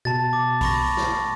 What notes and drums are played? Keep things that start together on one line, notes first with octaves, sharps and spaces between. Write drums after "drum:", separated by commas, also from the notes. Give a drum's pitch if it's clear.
B2 A5 A6
D6
B5 C#6 A#6, drum: kick A#1, open hi-hat
drum: snare